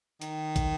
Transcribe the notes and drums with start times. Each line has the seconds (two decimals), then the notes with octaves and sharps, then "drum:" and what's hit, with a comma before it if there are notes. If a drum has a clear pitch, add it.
0.22 D#3, drum: hi-hat
0.56 drum: kick, hi-hat